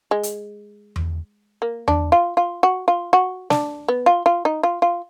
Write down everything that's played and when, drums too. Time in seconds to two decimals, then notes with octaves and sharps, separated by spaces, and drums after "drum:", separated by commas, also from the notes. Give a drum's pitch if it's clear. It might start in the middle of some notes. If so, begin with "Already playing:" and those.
0.11 G#3
0.23 drum: hi-hat
0.96 drum: tom E2
1.62 A#3
1.88 D4, drum: tom E2
2.12 F4
2.37 F4
2.63 F#4
2.88 F4
3.13 F#4
3.50 D4, drum: snare
3.88 B3
4.06 F4
4.26 F4
4.45 D#4
4.63 F4
4.82 F4